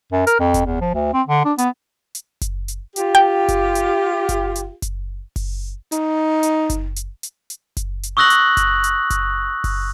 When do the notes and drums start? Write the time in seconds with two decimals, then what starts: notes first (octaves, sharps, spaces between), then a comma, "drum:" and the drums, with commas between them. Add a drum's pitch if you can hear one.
0.12 F#2
0.27 A#4, drum: hi-hat
0.40 F2
0.54 drum: kick F#1, hi-hat
0.66 E2
0.81 F3
0.94 D2
1.14 C4
1.27 D3
1.45 D4
1.58 B3, drum: hi-hat
2.15 drum: hi-hat
2.41 drum: kick F#1, hi-hat
2.68 drum: hi-hat
2.96 F4 G4, drum: hi-hat
3.15 G5
3.48 drum: kick F#1, hi-hat
3.75 drum: hi-hat
4.29 drum: kick F#1, hi-hat
4.55 drum: hi-hat
4.82 drum: kick F#1, hi-hat
5.36 drum: kick F#1, open hi-hat
5.92 D#4, drum: hi-hat
6.43 drum: hi-hat
6.70 drum: kick F#1, hi-hat
6.96 drum: hi-hat
7.23 drum: hi-hat
7.50 drum: hi-hat
7.77 drum: kick F#1, hi-hat
8.03 drum: hi-hat
8.17 C#6 D#6 E6 F#6 A#6 F#7
8.30 drum: hi-hat
8.57 drum: kick F#1, hi-hat
8.84 drum: hi-hat
9.10 drum: kick F#1, hi-hat
9.64 drum: kick F#1, open hi-hat